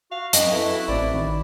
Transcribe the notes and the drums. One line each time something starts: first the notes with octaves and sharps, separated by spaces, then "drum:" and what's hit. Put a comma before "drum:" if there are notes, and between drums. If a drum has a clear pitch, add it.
F#4 F5
F#2 D#5, drum: hi-hat
E4 A4 B4
A1 A2 C4 D5 B5
D#3